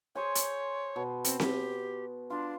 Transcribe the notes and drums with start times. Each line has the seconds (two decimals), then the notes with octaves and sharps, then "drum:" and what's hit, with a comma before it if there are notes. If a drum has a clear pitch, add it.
0.15 G#4 C5 C#5 G#5
0.35 drum: hi-hat
0.96 B2
1.24 C4, drum: hi-hat
1.40 G4, drum: snare C4
2.30 D4 F4 C6